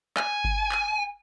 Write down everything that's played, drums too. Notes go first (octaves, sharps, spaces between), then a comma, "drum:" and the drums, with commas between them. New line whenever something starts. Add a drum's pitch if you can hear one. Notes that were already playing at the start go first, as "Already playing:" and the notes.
G#5, drum: clap
drum: kick G1
drum: clap